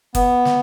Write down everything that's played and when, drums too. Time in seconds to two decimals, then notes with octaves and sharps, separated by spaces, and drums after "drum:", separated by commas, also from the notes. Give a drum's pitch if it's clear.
0.15 B3, drum: kick F#1, hi-hat
0.45 drum: snare